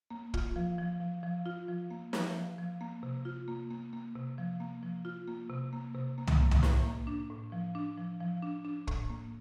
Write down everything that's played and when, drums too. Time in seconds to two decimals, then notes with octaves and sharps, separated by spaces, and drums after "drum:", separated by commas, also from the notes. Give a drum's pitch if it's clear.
0.10 A#3
0.34 F4, drum: kick
0.56 F3
0.78 F3
1.00 F3
1.23 F3
1.46 F4
1.68 F3
1.90 A#3
2.13 F3, drum: snare
2.35 F3
2.58 F3
2.81 A#3
3.03 C3
3.25 F4
3.48 A#3
3.71 A#3
3.93 A#3
4.15 C3
4.38 F3
4.60 A#3
4.83 F3
5.05 F4
5.28 A#3
5.50 C3
5.73 A#3
5.95 C3
6.18 A#3
6.27 drum: tom
6.40 A#3
6.51 drum: tom
6.63 A2, drum: snare
6.85 A#3
7.07 D4
7.30 A2
7.52 F3
7.75 D4
7.98 F3
8.20 F3
8.42 D4
8.65 D4
8.87 A2, drum: kick
9.10 A#3